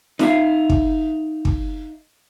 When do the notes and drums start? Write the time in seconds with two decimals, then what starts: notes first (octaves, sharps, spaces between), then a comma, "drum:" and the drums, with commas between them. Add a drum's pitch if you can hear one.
0.19 D#4 E5 F5, drum: snare
0.70 drum: kick
1.45 drum: kick